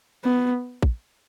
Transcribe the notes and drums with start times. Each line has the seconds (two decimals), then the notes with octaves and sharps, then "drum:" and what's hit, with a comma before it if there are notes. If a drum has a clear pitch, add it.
0.24 B3
0.82 drum: kick